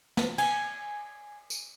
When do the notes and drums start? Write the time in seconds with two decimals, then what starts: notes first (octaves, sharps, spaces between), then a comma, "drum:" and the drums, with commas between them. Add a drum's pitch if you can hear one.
0.17 drum: snare
0.38 G#5, drum: cymbal
1.50 drum: tambourine